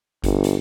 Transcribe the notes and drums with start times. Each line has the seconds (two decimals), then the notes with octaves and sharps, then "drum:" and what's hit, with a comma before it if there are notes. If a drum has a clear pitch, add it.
0.24 G1, drum: kick G1, hi-hat
0.44 drum: hi-hat